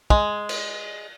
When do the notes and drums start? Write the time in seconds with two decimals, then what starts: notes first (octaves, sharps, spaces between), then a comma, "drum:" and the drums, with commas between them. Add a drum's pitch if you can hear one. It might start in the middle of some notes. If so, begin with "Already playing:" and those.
0.10 G#3, drum: kick
0.49 drum: cymbal